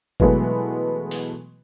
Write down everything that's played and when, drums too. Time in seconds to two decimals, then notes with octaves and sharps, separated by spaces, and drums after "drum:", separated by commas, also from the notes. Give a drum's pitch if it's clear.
0.20 B2 E3 F#3 G#3 A3 B3, drum: kick G1
1.11 drum: open hi-hat